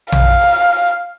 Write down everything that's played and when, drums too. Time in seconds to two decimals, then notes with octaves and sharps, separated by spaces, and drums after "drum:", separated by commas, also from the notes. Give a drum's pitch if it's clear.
0.12 F5, drum: tom A#1